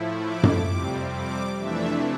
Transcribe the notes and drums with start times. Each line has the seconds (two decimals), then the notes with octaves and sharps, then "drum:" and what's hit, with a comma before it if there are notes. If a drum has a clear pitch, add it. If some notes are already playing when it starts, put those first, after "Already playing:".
Already playing: A2 F3 A3 E4
0.24 D6
0.43 drum: tom F#2
0.69 F2 C3 G3 C4
1.13 D6
1.57 F2 C3 E3 A3 D4 E5